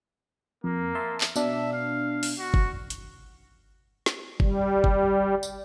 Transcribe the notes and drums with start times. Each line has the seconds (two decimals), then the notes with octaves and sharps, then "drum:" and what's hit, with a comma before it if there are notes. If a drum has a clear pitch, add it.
0.64 F2 A#3
0.95 E5 A5 C6
1.21 drum: clap
1.36 B2 D4 E5, drum: tambourine
1.73 F5
2.23 drum: open hi-hat
2.39 F#4
2.54 drum: kick G1
2.90 drum: hi-hat
4.06 drum: snare
4.40 G3, drum: kick G1
4.84 drum: kick G1
5.43 drum: tambourine